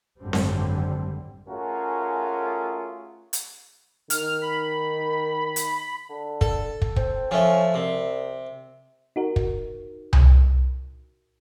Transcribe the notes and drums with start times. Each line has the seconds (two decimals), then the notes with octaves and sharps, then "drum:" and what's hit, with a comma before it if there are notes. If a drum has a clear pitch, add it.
0.21 G#1 F#2 D3 G3 C4
0.33 drum: snare C4
1.49 A3 C#4 F4 F#4 G#4 A#4
3.33 drum: hi-hat
4.10 D#3 F6, drum: hi-hat
4.42 B5
5.56 drum: hi-hat
6.09 D3
6.41 A4, drum: kick
6.82 drum: kick
6.96 C4, drum: kick
7.31 F3 A3 C#4
7.74 C2 C3
9.16 D#4 F#4 A#4
9.36 drum: kick
10.13 drum: tom C2